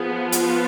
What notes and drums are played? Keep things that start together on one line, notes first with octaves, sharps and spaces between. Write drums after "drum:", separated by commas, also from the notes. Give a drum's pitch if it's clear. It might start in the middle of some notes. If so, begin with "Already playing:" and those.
Already playing: F3 B3 G#4
F4, drum: hi-hat